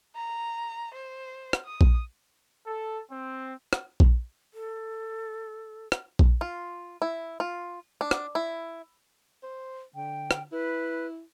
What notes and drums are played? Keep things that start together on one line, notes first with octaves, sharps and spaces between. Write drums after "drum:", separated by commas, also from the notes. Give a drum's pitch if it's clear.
A#5
C5
drum: rim click
D#6
drum: kick A#1
A4
C4
drum: rim click
drum: kick A#1
A4
drum: rim click
drum: kick A#1
F4
E4
F4
D4
drum: rim click
E4
C5
D3 G5
drum: rim click
E4 B4